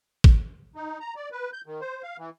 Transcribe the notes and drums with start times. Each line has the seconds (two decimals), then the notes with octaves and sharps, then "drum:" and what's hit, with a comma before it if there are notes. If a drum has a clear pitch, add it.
0.24 drum: kick G#1
0.76 D#4
1.00 A#5
1.16 D5
1.32 B4
1.53 G6
1.66 D#3
1.81 C5
2.03 F5
2.18 E3